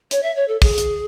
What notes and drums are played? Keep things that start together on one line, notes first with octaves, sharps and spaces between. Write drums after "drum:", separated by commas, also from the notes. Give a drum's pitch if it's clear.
C#5, drum: hi-hat
E5
C#5
A4
G#4, drum: kick, open hi-hat
drum: hi-hat